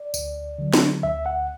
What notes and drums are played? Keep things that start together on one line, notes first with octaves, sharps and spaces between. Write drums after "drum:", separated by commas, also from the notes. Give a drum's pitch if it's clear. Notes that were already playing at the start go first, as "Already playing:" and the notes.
Already playing: D5
D2, drum: tambourine
D3 F#3
drum: snare
D2 E5
F#5